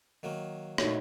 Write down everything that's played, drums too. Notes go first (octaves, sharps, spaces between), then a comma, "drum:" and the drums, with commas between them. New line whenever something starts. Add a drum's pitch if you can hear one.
D#3 F#3 A#3
A#2 A3 D#4 F#4 C#5, drum: rim click